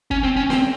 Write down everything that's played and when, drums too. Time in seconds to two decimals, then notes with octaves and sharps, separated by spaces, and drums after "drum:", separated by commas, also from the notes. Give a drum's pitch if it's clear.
0.11 C#4, drum: kick
0.23 C4
0.36 C#4
0.50 C4, drum: snare C#4